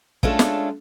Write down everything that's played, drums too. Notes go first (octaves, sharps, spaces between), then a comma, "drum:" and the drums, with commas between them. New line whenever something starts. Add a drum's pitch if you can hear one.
G#3 A3 C#4 D4 F4 A4, drum: kick
drum: snare